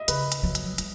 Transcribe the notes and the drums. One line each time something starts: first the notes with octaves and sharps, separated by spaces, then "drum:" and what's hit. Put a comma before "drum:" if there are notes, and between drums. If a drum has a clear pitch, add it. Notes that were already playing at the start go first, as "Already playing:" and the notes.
Already playing: D#5 E5
C#3 B4, drum: hi-hat
drum: hi-hat
F#3
drum: hi-hat
G3, drum: hi-hat